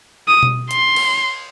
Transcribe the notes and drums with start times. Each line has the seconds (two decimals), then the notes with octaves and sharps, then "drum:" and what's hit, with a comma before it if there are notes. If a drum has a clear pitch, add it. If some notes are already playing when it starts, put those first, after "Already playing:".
0.28 D#6
0.43 drum: tom B2
0.71 C6, drum: hi-hat
0.96 drum: cymbal